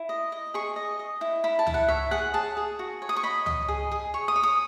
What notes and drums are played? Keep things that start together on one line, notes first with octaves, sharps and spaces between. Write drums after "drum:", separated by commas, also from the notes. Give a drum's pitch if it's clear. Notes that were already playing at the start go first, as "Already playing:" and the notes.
Already playing: E4
D#5
D#5
G#4 C#6
D#5
D#5
E4
E4 B5
A5
E4, drum: tom C#2
F#5
C#5 E5
G#4 F#5
G#4 A5
G#4
F#4
C#5
D#6
C#6
D#5 B5
D#5, drum: tom C#2
G#4
G#4
C#5 C#6
D#6
C#5
D#6